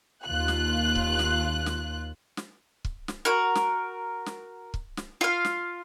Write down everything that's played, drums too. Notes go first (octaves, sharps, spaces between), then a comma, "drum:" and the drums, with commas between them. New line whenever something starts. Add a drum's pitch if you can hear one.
D#2 F4 F#6
drum: snare
drum: kick
drum: snare
drum: snare
drum: snare
drum: kick
drum: snare
F#4 A#4
drum: snare
drum: snare
drum: kick
drum: snare
F4 F5
drum: snare